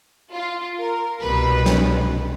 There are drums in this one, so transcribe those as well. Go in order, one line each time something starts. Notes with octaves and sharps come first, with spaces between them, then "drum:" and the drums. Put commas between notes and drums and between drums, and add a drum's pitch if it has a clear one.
F4
A#4
C2 B2 G3 B4
drum: snare